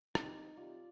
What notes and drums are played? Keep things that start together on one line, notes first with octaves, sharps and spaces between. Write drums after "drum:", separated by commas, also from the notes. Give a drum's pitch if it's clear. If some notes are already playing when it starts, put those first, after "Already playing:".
C4 D#4 G4, drum: rim click
C3 G3 F4 D5